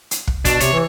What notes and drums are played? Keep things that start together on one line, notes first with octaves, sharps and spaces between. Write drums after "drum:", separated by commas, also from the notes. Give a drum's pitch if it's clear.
drum: hi-hat
drum: kick
B2 D4, drum: kick, hi-hat
C3 C#5, drum: hi-hat
E3